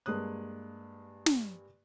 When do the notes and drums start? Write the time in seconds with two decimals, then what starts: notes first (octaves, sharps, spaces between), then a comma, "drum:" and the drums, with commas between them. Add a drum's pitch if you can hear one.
0.06 G2 G#3 A#3 D#6 F#6
1.26 drum: snare